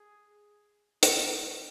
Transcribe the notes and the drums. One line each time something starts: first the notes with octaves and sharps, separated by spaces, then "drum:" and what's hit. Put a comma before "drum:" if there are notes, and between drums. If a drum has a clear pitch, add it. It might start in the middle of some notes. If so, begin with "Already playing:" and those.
Already playing: G#4
D#4, drum: hi-hat